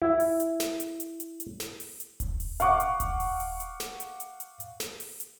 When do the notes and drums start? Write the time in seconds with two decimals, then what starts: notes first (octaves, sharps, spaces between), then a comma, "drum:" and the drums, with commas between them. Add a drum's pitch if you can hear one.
0.02 E4
0.20 drum: open hi-hat
0.40 drum: hi-hat
0.60 drum: snare
0.80 drum: hi-hat
1.00 drum: hi-hat
1.20 drum: hi-hat
1.40 drum: hi-hat
1.60 drum: snare
1.80 drum: open hi-hat
2.00 drum: hi-hat
2.20 drum: kick D#1, hi-hat
2.40 drum: open hi-hat
2.60 F5 F#5 C#6 D6, drum: hi-hat
2.80 drum: hi-hat
3.00 drum: kick D#1, hi-hat
3.20 drum: open hi-hat
3.40 drum: open hi-hat
3.60 drum: hi-hat
3.80 drum: snare
4.00 drum: hi-hat
4.20 drum: hi-hat
4.40 drum: hi-hat
4.60 drum: hi-hat
4.80 drum: snare
5.00 drum: open hi-hat
5.20 drum: hi-hat